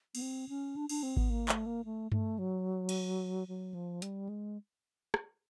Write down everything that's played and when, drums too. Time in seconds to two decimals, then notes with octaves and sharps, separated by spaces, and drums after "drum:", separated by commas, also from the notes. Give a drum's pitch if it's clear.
0.15 B3, drum: cymbal
0.22 C4
0.49 C#4
0.76 D4
0.89 D4, drum: cymbal
1.03 C4
1.17 B3, drum: kick G#1
1.30 A#3
1.49 A3, drum: clap
1.66 A#3
1.85 A3
2.12 A3, drum: tom G2
2.39 F#3
2.89 drum: cymbal
3.48 F#3
3.74 F3
4.02 G3, drum: hi-hat
4.29 G#3
5.14 drum: rim click